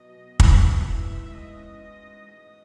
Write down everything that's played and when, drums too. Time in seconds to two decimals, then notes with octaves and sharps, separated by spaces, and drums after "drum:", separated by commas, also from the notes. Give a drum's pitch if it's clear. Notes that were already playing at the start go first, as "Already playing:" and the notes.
Already playing: B2 F#3 B3 D#5
0.16 B2
0.40 B3 E5, drum: kick
0.63 B2
0.86 E3
1.10 G#2
1.33 G#3 D#5
1.57 C#4
1.80 E3
2.04 G#2
2.27 G#3 D#5